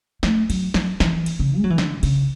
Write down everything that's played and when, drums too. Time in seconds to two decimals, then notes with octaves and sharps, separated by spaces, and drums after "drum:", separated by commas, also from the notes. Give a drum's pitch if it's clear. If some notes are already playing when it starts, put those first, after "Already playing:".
0.23 A3, drum: snare
0.50 F#3, drum: cymbal
0.74 F#3, drum: snare
1.00 E3, drum: snare
1.26 drum: cymbal
1.39 C#3
1.57 G#3
1.64 F#3
1.70 E3
1.78 D3, drum: snare
2.03 C#3, drum: cymbal